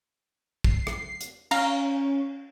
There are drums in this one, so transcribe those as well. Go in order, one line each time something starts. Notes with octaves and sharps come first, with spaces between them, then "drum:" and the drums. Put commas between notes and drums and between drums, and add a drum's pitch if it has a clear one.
C7, drum: kick
drum: rim click
drum: hi-hat
C#4 F5 A#5, drum: cymbal